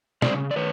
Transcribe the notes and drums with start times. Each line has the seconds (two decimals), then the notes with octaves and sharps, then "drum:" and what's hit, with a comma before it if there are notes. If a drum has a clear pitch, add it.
0.22 C#3 C5 D5, drum: snare
0.51 D5
0.56 D#3 B4 C#5